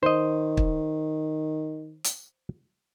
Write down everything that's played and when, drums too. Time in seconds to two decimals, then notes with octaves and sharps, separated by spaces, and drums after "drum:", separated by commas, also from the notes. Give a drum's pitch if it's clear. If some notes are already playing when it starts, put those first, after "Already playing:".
0.03 D#3 C5 D#5
0.57 drum: kick
2.04 drum: hi-hat